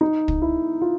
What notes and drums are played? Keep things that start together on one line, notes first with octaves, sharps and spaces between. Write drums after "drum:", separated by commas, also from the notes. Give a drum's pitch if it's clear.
D#4
drum: kick
E4
F4